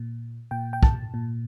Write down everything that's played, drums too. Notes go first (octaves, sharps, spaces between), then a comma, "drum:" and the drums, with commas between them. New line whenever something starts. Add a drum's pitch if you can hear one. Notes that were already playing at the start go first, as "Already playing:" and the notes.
Already playing: A#2
A#2 G5
G5
A5, drum: kick
A#2